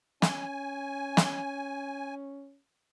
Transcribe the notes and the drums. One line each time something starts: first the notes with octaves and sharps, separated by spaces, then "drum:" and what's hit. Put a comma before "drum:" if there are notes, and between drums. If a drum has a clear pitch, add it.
C#4 G#5, drum: snare
drum: snare